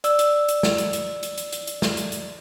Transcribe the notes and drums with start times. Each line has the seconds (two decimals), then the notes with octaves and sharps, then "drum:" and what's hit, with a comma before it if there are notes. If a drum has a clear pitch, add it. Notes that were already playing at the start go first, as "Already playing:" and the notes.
0.04 D5 E6, drum: hi-hat
0.19 drum: hi-hat
0.48 drum: hi-hat
0.63 drum: snare
0.78 drum: hi-hat
0.93 drum: hi-hat
1.23 drum: hi-hat
1.38 drum: hi-hat
1.52 drum: hi-hat
1.67 drum: hi-hat
1.82 drum: snare
1.97 drum: hi-hat
2.12 drum: hi-hat